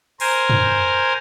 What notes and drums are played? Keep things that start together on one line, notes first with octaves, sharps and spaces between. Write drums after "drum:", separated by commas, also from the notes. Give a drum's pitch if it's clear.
A#4 C5 G#5, drum: open hi-hat
drum: tom